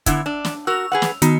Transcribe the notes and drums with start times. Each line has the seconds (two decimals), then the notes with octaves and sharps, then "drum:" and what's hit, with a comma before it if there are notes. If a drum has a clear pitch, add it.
0.06 D3 B3 E4, drum: kick, hi-hat
0.26 D4
0.45 drum: snare
0.67 F#4 A#4 E6 F7
0.92 G#4 B4 F#5
1.02 drum: snare
1.22 D#3 B3 D#4 F#4, drum: hi-hat